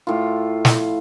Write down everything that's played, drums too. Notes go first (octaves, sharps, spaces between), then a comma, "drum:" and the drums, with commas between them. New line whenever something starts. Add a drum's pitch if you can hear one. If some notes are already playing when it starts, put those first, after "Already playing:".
A2 F4
drum: snare